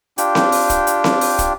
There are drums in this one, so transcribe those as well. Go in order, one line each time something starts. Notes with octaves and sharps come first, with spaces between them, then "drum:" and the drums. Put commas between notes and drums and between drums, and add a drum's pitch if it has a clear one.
D4 F4 G4 G5, drum: hi-hat
drum: snare C4
drum: open hi-hat
drum: kick, hi-hat
drum: hi-hat
drum: snare C4
drum: open hi-hat
drum: kick, hi-hat